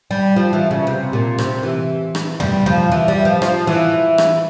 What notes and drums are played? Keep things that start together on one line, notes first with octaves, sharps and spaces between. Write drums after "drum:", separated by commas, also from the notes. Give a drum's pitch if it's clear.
G3
F3
E3
C#3
C3
A#2
C3, drum: rim click
E3
drum: rim click
G3, drum: tom
F3, drum: tom
E3
G3
F3
F3, drum: rim click
E3
drum: rim click